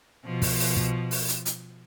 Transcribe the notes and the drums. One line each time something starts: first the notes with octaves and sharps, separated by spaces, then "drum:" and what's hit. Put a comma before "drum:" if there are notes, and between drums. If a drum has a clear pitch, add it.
B2 F3
drum: kick, open hi-hat
drum: open hi-hat
drum: kick
drum: open hi-hat
drum: hi-hat
drum: hi-hat